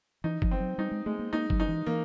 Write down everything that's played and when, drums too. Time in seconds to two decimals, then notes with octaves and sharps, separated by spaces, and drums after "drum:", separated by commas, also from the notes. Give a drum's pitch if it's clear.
0.24 E3 D#4
0.42 F3, drum: kick F#1
0.51 C4
0.60 F#3
0.78 G3 D#4
0.92 G#3
1.06 G#3 A3
1.19 A#3
1.33 A#3 D#4
1.50 F#3, drum: kick F#1
1.60 D#4
1.68 E3
1.86 E3 A#3